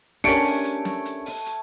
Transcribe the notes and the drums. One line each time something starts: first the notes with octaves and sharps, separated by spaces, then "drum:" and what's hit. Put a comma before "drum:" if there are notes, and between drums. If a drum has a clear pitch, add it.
A3 C#4 D4 G4 A#4 C#5 C#7 D7, drum: hi-hat
drum: open hi-hat
drum: hi-hat
drum: snare
drum: hi-hat
drum: open hi-hat
drum: hi-hat